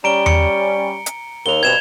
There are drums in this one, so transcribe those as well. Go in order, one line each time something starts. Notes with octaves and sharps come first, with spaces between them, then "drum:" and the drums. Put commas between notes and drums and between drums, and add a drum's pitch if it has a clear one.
G3 C#4 A#5 D7 G7
C#7, drum: tom E2
drum: hi-hat
D#2 F7 G7
G2 B2 C4 G#6 E7 F7